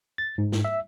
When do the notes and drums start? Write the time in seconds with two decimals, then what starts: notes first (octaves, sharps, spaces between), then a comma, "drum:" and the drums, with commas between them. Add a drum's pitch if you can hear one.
0.18 A6
0.38 G#2
0.52 drum: snare
0.65 E5